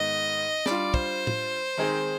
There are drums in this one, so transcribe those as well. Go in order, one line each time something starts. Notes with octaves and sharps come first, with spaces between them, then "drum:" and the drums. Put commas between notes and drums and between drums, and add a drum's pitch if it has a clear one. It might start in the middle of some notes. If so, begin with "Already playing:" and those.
Already playing: G#2 D#3 B3 D#4 D#5
G3 D4 F4 D5, drum: snare
C5, drum: kick
drum: tom
D#3 G#3 C4 D#4 G#4